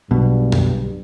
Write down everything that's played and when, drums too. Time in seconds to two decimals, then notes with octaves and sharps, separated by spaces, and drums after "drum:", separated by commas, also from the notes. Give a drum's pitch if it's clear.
0.11 B1 G2 B2
0.52 drum: tom